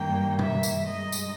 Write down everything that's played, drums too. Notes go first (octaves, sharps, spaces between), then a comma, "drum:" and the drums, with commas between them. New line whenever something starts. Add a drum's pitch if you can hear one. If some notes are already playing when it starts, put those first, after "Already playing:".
Already playing: G2 D#3 A#3 G5
E5, drum: tom
drum: tambourine
G2 D#3 G#3 D#5
drum: tambourine